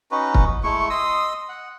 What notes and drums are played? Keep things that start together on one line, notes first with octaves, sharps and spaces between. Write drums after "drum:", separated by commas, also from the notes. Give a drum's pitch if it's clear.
C#4 D#4 F#4 B4
drum: kick
G#3 A3 E4 C#6
D#5 C6 D#6 E6
F#5